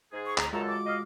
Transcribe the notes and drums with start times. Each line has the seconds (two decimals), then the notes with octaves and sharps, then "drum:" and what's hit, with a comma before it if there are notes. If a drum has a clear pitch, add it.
0.12 G#2 G#4
0.26 C#6
0.38 D2 A#5, drum: clap
0.53 F#2 G#3 F4 F#4 A4 A#5
0.68 D6
0.86 D#5 F5